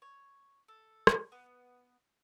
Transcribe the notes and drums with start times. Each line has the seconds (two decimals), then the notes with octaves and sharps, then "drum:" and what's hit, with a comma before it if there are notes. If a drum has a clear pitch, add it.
0.02 C#5
0.68 A4
1.07 drum: rim click
1.32 B3